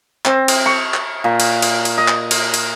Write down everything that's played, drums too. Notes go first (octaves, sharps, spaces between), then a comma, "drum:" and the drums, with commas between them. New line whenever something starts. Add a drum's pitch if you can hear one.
C4, drum: clap
drum: cymbal
C#6
drum: clap
A#2
drum: cymbal
drum: cymbal
drum: cymbal
D#5
drum: clap
drum: cymbal
drum: cymbal